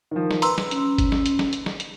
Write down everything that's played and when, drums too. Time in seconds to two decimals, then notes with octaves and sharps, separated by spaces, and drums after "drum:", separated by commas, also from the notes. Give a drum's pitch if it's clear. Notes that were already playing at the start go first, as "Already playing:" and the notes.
0.11 D#3 F3
0.31 drum: snare
0.42 B4 A#5 C6 E6, drum: hi-hat
0.58 drum: snare
0.71 C#4, drum: hi-hat
0.98 drum: kick G1, hi-hat
1.12 drum: snare
1.26 drum: hi-hat
1.39 drum: snare
1.53 drum: hi-hat
1.66 drum: snare
1.80 drum: hi-hat